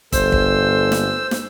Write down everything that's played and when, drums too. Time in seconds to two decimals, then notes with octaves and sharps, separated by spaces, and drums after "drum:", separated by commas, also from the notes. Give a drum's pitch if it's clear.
0.12 G1 A4 C5 E6, drum: kick, hi-hat
0.32 drum: kick
0.92 drum: snare
1.31 drum: snare